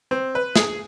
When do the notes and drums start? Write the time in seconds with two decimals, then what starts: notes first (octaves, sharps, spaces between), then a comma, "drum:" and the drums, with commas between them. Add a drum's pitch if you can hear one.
0.11 C4
0.35 B4
0.56 G#4, drum: snare